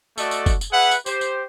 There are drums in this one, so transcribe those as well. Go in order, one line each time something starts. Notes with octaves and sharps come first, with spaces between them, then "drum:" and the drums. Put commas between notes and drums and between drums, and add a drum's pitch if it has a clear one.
A3 F#4 A4 D5 D#5, drum: tambourine
drum: tambourine
drum: kick, tambourine
drum: tambourine
G#4 B4 E5 F#5
drum: tambourine
G4 C5, drum: tambourine
drum: tambourine